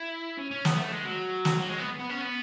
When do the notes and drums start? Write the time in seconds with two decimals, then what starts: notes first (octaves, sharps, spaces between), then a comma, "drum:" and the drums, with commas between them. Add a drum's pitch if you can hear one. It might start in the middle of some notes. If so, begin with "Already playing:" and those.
Already playing: E4
0.38 C#4
0.51 C#4
0.65 B3, drum: snare
0.78 A3
0.92 G#3
1.05 F#3
1.45 drum: snare
1.58 F#3
1.68 G#3
1.78 B3
1.99 B3
2.09 C#4
2.21 B3